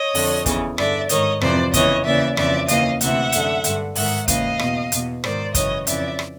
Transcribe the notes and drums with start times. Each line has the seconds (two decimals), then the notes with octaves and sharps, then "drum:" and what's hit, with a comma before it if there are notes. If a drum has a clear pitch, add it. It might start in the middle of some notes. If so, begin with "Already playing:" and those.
Already playing: C#5 D#5
0.15 F2 D3, drum: open hi-hat
0.46 E2 C#3 E3, drum: kick, hi-hat
0.78 G2 D3 D5 E5, drum: rim click
1.09 G#2 D#3 C#5 D#5, drum: hi-hat
1.41 F2 C3 E3 C5 D5, drum: rim click
1.74 E2 C#3 E3 C#5 D#5, drum: kick, hi-hat
2.05 D#2 C#3 E3 D5 E5
2.37 F2 C#3 E3 D5 E5, drum: rim click
2.68 D#2 C#3 E3 D#5 F5, drum: hi-hat
3.01 D2 C3 E3 E5 F#5, drum: hi-hat
3.32 F#2 D3, drum: hi-hat
3.64 G2 D3, drum: hi-hat
3.95 G#2 D#3 E5 F#5, drum: open hi-hat
4.28 D#2 C#3 E3 D#5 F5, drum: kick, hi-hat
4.59 E2 B2, drum: rim click
4.92 E2 B2, drum: hi-hat
5.24 G#2 D#3 C5 D5, drum: rim click
5.55 F#2 C#3 E3 C#5 D#5, drum: kick, hi-hat
5.87 F2 C#3 E3 D5 E5, drum: hi-hat
6.19 drum: rim click